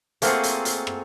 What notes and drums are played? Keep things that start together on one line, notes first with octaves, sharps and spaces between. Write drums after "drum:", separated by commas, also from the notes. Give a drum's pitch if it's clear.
A3 A#3 C4 F4 F#4 G#4, drum: hi-hat
drum: hi-hat
drum: hi-hat
drum: rim click